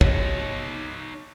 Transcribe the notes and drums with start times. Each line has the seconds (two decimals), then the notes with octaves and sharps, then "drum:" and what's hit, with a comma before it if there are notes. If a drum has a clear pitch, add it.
0.01 D#4 C#5, drum: kick